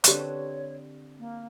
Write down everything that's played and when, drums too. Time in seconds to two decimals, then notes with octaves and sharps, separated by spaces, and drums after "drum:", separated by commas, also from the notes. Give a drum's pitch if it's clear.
0.04 D3 C4 G4 B4 C#5 C#6, drum: hi-hat
1.19 A#3